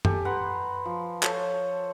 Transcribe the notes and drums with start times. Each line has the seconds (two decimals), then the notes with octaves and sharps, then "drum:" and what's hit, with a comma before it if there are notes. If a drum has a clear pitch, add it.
0.05 G4 A4 G#5, drum: tom F#2
0.25 B4 F#5 A#5 C6
0.85 F3
1.23 A4 C5 C#5 A5, drum: clap